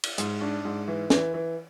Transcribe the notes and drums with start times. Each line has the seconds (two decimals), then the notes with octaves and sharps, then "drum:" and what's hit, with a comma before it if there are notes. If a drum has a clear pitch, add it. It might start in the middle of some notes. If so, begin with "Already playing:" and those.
0.03 drum: cymbal
0.18 G#2, drum: hi-hat
0.41 D4
0.65 G#2
0.88 E3
1.10 E3, drum: snare
1.34 E3